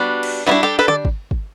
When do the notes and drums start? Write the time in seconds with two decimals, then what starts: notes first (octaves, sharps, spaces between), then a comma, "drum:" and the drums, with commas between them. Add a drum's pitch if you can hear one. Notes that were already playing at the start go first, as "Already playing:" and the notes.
Already playing: G3 B3 D4 F#4
0.23 drum: cymbal
0.46 G3 B3 D4 E4 F#4
0.63 G4 A4
0.79 A4 B4
0.88 D5, drum: tom D3
1.05 drum: kick
1.31 drum: kick